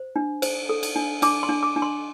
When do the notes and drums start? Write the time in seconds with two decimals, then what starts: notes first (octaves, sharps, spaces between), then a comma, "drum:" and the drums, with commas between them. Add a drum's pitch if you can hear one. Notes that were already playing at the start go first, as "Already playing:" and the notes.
Already playing: C5
0.16 D4
0.42 C5, drum: cymbal
0.69 A4
0.83 drum: cymbal
0.96 D4
1.22 D4 D6, drum: cymbal
1.43 C6
1.49 D4
1.63 D6
1.76 D4
1.82 C6